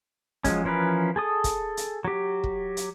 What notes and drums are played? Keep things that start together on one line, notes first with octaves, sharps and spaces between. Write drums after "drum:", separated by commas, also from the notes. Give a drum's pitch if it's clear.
F3 F#3 G#3 C#4, drum: kick, hi-hat
E3 F3 C#4 A#4 B4
G#4 A4 D#6
drum: kick, hi-hat
drum: hi-hat
F#3 G4
drum: kick
drum: hi-hat